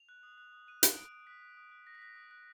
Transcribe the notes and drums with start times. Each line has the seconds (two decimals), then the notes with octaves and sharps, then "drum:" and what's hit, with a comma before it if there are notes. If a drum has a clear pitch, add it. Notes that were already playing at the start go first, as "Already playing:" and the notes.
Already playing: F7
0.09 F#6
0.23 D#6
0.38 F#6
0.53 D#6
0.67 F#6 D#7
0.83 F#6 D7, drum: hi-hat
0.97 D#6 D7
1.12 D#6 D7
1.27 F#6 B6
1.42 F#6
1.57 D#6
1.71 F#6
1.87 D#6 A#6
1.95 B6
2.02 F#6 A#6
2.16 D#6
2.31 F#6